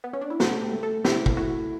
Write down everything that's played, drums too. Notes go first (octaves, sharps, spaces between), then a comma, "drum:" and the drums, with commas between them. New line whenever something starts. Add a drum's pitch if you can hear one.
B3
C#4
D4
E4
A3 F#4, drum: snare
G4
A3
A4
E4 G4, drum: snare
drum: kick
E4 F#4